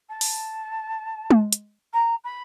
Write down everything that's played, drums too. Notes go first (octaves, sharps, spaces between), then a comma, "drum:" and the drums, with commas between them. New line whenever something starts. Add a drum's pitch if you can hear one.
A5
drum: open hi-hat
drum: tom G#3
drum: hi-hat
A#5
B5